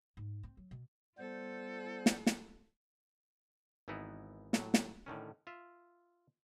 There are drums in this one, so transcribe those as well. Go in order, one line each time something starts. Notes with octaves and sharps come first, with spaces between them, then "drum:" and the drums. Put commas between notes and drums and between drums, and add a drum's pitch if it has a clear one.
G#2
C4
F#3
B2
G3 B3 F4 A4 C5
drum: snare
drum: snare
G#1 E3 B3 D#4 E4
A2 F#3, drum: snare
drum: snare
A2 D3 D#3 C#4
F4 E5